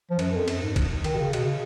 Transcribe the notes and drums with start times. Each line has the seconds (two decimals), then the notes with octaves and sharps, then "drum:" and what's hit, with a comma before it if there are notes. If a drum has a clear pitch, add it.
0.10 F3
0.19 F#2, drum: cymbal
0.34 F2
0.48 F#2, drum: cymbal
0.62 G#2
0.76 drum: kick, cymbal
1.04 D#3, drum: cymbal
1.14 B2
1.18 C#3
1.33 B2, drum: cymbal
1.44 C#3